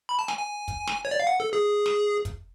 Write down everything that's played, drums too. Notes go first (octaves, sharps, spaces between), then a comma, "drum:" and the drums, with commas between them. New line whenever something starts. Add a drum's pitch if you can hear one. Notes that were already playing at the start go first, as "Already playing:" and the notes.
B5
A5
G#5, drum: snare
G#5
drum: kick, hi-hat
drum: snare
C#5
D5
F5
F#5
A4
G#4
drum: snare
drum: kick, hi-hat